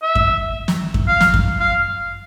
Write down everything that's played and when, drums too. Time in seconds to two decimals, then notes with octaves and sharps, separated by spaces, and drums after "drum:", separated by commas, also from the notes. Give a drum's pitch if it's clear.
0.02 E5
0.15 drum: kick F#2
0.68 drum: snare
0.94 drum: kick F#2
1.08 F5
1.21 drum: snare
1.34 drum: kick F#2
1.60 F5